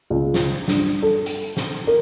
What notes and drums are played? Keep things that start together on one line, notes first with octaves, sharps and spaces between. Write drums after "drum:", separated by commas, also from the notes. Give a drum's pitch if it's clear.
C#2
drum: snare
G2, drum: snare
A4
drum: hi-hat
drum: snare
A#4